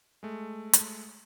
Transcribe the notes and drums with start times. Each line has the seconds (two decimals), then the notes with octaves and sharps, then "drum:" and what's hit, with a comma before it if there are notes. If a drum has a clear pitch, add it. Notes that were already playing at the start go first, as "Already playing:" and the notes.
0.23 G#3 A3
0.73 drum: hi-hat